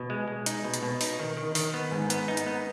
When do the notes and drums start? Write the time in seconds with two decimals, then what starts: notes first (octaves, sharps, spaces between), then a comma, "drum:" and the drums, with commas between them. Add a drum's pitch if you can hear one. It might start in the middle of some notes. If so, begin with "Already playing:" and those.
Already playing: B2
0.10 G#3
0.28 G#3
0.46 D#4, drum: hi-hat
0.65 B2
0.74 drum: hi-hat
0.83 B2
1.01 D#4, drum: open hi-hat
1.19 D#3
1.37 D#3
1.55 D#3, drum: open hi-hat
1.74 B3
1.91 G#2
2.10 B3, drum: hi-hat
2.28 D#4
2.37 drum: hi-hat
2.46 B3